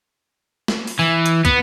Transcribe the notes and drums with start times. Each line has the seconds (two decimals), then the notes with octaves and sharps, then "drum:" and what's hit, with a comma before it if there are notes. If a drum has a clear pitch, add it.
0.68 drum: snare
0.87 drum: open hi-hat
0.99 E3
1.26 drum: hi-hat
1.45 B3, drum: kick, hi-hat